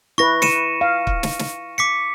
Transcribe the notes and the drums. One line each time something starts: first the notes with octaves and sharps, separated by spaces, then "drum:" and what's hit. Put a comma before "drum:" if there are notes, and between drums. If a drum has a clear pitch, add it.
E4 B4 C#6 A#6
C#7 D#7 E7, drum: snare
F5
drum: kick
drum: snare
drum: snare
D6 B6 C#7